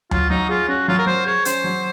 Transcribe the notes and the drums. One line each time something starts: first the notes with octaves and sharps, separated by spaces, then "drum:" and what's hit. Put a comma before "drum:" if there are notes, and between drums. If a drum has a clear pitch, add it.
F#3 F4, drum: tom D2
F#3 D#4
F4 G#4
C#4 F#4
F#3 F4
A#4
F#3 C5
G#4 C#5
C#4 C5, drum: hi-hat
F#3